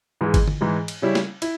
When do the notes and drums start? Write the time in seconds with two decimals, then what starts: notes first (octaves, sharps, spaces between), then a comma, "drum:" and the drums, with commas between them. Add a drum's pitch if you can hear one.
0.21 G#2 E3 G#3
0.34 drum: kick G1, cymbal
0.48 drum: tom D3
0.61 G#2 E3 G#3
0.88 drum: cymbal
1.02 C#3 G3 C#4 E4
1.15 drum: snare
1.42 E4, drum: cymbal